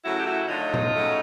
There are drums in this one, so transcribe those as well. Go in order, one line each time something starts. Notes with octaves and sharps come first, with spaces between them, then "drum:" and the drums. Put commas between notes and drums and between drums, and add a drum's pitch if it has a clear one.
C#3 F#3 A3 E4 F#4
G4
E4 F#4
D3 F#3 A3 D#4 F4
drum: tom A#2
C#3 F#3 A3